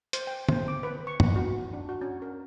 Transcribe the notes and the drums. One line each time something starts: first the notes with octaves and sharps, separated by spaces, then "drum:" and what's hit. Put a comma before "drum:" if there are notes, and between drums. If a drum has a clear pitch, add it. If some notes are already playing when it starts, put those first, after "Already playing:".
C5, drum: hi-hat
G5
C5, drum: tom
D6
B4
C#6
drum: tom
F#4
D4
F#4
C#4
A#4